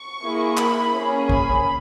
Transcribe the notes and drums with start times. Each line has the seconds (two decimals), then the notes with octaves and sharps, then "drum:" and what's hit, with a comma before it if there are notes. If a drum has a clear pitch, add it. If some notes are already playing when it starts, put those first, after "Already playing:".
Already playing: C#6
0.22 A#3 E4 G#4
0.57 B5, drum: clap
0.93 A#3 C#4 G#4
1.29 B5, drum: kick G#1